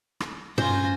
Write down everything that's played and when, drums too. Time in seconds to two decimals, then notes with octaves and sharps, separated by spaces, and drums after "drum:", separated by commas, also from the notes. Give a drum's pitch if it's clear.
0.20 drum: rim click
0.58 G2 C#4 F4 C5 G#5 A#6, drum: tom